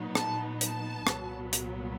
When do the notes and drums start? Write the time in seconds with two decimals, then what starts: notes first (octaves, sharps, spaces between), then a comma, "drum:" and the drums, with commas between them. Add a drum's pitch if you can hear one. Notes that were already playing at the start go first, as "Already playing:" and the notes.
Already playing: A#2 F#3 B3 D#4
0.15 A5, drum: rim click
0.61 A5, drum: hi-hat
1.07 C2 A#2 F#3 B3, drum: rim click
1.53 drum: hi-hat